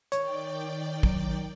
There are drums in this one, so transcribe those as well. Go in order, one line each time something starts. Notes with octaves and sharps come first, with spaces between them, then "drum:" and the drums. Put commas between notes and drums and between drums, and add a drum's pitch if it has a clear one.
D#3 C#5 D5 G5, drum: hi-hat
F#3, drum: kick